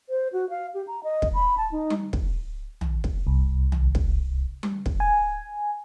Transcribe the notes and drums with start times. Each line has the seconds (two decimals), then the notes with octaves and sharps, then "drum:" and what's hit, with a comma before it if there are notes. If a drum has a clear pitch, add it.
0.09 C5
0.33 F#4
0.50 F5
0.74 G4
0.87 A#5
1.04 D#5
1.22 drum: kick
1.34 B5
1.57 A5
1.72 D#4
1.90 drum: tom G3
2.13 drum: kick
2.81 drum: tom
3.04 drum: kick
3.27 C2
3.72 drum: tom
3.95 drum: kick
4.63 drum: tom G3
4.86 drum: kick
5.00 G#5